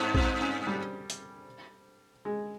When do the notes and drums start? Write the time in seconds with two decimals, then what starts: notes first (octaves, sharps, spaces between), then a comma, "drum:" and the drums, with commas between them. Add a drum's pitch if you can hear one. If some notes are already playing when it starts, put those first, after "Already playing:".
Already playing: G2 C4
0.14 C4, drum: kick A#1
0.41 C#4
0.67 G3
1.10 drum: hi-hat
2.25 G#3